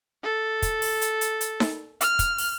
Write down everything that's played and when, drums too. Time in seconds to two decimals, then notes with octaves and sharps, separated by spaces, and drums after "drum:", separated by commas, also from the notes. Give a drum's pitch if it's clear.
0.23 A4
0.62 drum: kick, hi-hat
0.82 drum: open hi-hat
1.02 drum: hi-hat
1.21 drum: hi-hat
1.41 drum: hi-hat
1.60 drum: snare D#4
2.01 F6, drum: hi-hat
2.19 drum: kick, hi-hat
2.38 drum: open hi-hat